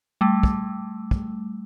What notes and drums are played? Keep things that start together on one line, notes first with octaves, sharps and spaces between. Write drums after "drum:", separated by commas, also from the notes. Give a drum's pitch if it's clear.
G3 A3
drum: kick
drum: kick